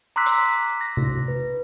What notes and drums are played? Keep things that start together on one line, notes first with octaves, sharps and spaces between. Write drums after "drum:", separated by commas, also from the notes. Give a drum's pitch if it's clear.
A#5 C6 D6 E6 F#6 B6
drum: hi-hat
A#6
drum: tom C3
B4